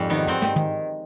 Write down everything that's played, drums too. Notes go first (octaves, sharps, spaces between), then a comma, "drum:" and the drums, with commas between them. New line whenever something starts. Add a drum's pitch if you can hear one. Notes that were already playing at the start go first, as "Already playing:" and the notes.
Already playing: F2 G#2 G3
D#3 B3
D#3 C4, drum: tom
drum: snare
drum: tom